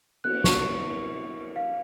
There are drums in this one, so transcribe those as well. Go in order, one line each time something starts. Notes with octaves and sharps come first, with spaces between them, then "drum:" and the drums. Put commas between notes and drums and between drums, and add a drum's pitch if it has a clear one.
F#6, drum: cymbal
C#6, drum: snare
F5